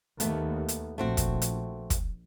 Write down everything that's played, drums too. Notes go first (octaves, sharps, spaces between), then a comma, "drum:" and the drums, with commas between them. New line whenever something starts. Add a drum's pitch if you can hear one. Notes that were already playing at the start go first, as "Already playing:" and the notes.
D#2 A3 B3, drum: hi-hat
drum: hi-hat
A#1 A3 C4 F#4
drum: kick, hi-hat
drum: hi-hat
drum: kick, hi-hat